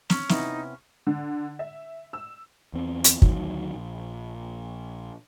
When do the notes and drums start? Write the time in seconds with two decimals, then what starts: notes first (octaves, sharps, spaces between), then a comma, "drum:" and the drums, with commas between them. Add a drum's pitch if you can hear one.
0.10 C#4, drum: snare
0.29 C3 B3 D#4 E4, drum: snare
1.07 D3
1.59 E5
2.13 E6
2.74 E2 C4
3.04 drum: hi-hat
3.22 D2 D#3 F#3, drum: kick
3.75 A#1